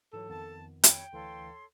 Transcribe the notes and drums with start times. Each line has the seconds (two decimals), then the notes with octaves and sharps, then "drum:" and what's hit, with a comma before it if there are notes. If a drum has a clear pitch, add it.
0.13 G#2 E3 F#3 A4
0.29 F2 D#3 B3 A5
0.84 C#5 G5 B5, drum: hi-hat
1.13 D2 E3 A4 C#5 F5 C6